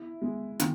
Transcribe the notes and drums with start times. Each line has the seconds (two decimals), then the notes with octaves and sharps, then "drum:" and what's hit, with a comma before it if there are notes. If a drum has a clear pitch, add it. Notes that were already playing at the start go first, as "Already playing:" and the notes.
Already playing: E4
0.22 G#3
0.60 D#3, drum: hi-hat